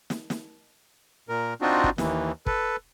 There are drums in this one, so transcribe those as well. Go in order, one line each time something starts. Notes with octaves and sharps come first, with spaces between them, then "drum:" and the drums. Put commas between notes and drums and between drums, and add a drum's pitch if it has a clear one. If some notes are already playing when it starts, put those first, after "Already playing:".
drum: snare
drum: snare
A#2 A#4
C4 D4 D#4 F4 F#4
drum: kick
D#2 E3, drum: snare
A4 B4, drum: kick